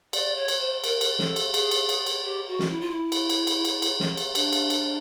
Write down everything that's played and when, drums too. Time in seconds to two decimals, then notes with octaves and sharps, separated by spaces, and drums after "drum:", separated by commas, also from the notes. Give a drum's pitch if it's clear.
0.13 D5, drum: cymbal
0.36 C#5
0.48 drum: cymbal
0.60 C5
0.84 A#4, drum: cymbal
1.01 drum: cymbal
1.19 A4, drum: snare
1.36 drum: cymbal
1.54 G#4, drum: cymbal
1.71 drum: cymbal
1.89 drum: cymbal
2.06 drum: cymbal
2.24 G4
2.48 F#4
2.59 drum: snare
2.70 E4
2.81 F4
2.90 E4
3.12 drum: cymbal
3.30 drum: cymbal
3.47 drum: cymbal
3.65 drum: cymbal
3.82 drum: cymbal
4.00 drum: snare
4.17 drum: cymbal
4.35 D4, drum: cymbal
4.53 drum: cymbal
4.70 drum: cymbal